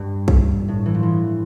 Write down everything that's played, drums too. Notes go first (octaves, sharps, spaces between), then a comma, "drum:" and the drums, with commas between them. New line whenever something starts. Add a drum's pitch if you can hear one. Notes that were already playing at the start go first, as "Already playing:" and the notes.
Already playing: G2
drum: kick
A2
E3
F3
E3